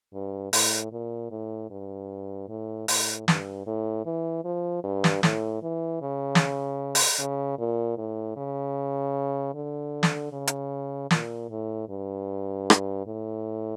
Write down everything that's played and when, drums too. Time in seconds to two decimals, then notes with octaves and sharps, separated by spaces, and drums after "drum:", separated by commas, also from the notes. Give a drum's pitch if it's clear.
0.14 G2
0.53 A2, drum: open hi-hat
0.92 A#2
1.31 A2
1.70 G2
2.49 A2
2.88 A2, drum: open hi-hat
3.28 G2, drum: snare
3.66 A2
4.06 E3
4.45 F3
4.84 G2
5.04 drum: snare
5.23 A2, drum: snare
5.63 E3
6.02 C#3
6.35 drum: snare
6.95 drum: open hi-hat
7.19 C#3
7.59 A#2
7.98 A2
8.37 C#3
9.55 D3
10.03 drum: snare
10.32 C#3
10.47 drum: hi-hat
11.11 A#2, drum: snare
11.50 A2
11.89 G2
12.70 drum: rim click
13.07 A2